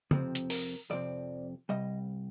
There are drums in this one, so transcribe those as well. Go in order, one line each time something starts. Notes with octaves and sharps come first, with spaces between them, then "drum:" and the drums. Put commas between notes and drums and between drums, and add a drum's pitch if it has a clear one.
F2 C3 F3 C4, drum: tom
drum: hi-hat
A#4, drum: open hi-hat
F2 C3 F3 C4 D5
C2 C3 G3 D#5